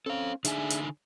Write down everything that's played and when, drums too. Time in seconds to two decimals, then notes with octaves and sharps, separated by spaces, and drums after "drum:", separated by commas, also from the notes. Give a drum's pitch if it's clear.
0.06 C4 C#4 A4 F5
0.45 D3 D4 D#4 G#4 E5 G#5, drum: hi-hat
0.70 drum: hi-hat